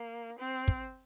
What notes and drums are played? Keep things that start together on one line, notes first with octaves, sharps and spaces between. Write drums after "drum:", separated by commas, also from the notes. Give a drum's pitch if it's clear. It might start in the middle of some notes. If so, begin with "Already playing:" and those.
Already playing: A#3
C4
drum: kick